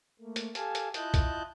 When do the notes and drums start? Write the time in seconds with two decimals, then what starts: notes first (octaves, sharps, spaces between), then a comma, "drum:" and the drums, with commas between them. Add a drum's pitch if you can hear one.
0.20 A3 A#3
0.36 drum: hi-hat
0.55 G4 A4 F5 G#5 A5, drum: hi-hat
0.75 drum: hi-hat
0.94 E4 F4 D#5 A5 F#6 G6, drum: hi-hat
1.14 drum: kick B1, hi-hat